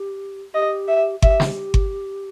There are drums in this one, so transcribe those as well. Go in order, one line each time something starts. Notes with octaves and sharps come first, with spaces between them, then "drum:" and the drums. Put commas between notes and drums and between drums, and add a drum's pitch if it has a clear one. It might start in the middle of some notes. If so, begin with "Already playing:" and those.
Already playing: G4
G4 D#5
E5
G4 E5, drum: kick G1
drum: snare
drum: kick G1